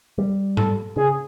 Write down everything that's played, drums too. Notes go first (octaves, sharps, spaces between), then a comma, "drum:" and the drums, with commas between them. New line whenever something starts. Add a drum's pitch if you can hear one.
G3
A4, drum: tom G#2
C#3 G#4